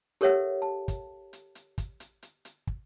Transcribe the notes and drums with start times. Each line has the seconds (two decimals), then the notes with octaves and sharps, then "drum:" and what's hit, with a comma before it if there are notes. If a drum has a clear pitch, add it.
0.21 G4 A4 A#4 C#5 E5 F#5, drum: hi-hat
0.62 A5
0.88 drum: kick, hi-hat
1.33 drum: hi-hat
1.55 drum: hi-hat
1.78 drum: kick, hi-hat
2.00 drum: hi-hat
2.23 drum: hi-hat
2.45 drum: hi-hat
2.67 drum: kick